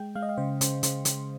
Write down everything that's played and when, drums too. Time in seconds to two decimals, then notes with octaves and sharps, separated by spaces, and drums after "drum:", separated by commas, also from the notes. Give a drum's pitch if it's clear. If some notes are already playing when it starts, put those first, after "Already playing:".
Already playing: G#3 G5
0.15 G#3 F5
0.22 D#5
0.29 F5
0.37 C#3 C5
0.61 C#3 C5, drum: hi-hat
0.83 C#3 C5, drum: hi-hat
1.05 C#3, drum: hi-hat